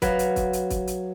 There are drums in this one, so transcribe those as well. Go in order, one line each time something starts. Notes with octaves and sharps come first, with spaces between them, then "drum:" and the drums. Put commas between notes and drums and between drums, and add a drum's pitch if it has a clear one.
F#3 B4 F5, drum: kick, hi-hat
drum: hi-hat
drum: kick, hi-hat
drum: hi-hat
drum: kick, hi-hat
drum: hi-hat